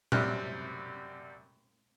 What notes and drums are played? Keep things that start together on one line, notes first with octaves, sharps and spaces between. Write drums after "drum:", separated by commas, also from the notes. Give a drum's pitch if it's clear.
F#2 C3 G3 F6 F#6, drum: tom A#2